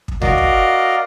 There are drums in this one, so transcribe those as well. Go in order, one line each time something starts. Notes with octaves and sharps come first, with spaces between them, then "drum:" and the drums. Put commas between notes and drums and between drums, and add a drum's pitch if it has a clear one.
drum: kick
F#4 A#4 D5 D#5 F5, drum: tom D2
drum: kick